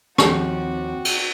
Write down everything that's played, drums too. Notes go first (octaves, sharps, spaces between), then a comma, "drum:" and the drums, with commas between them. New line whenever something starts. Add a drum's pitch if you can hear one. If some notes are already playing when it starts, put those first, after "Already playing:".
D#2 F3 C4 F#4 G4, drum: rim click
drum: cymbal